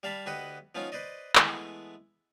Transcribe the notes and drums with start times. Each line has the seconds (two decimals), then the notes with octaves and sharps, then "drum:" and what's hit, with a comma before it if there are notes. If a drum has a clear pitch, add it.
0.03 G3 F5 A5 B5
0.26 D2 G4 B4 D#5 F#5 B5
0.75 F3 B3 C#4 D#4 F4
0.92 B4 C5 D5 D#5
1.35 E3 G#3 A3 B3, drum: clap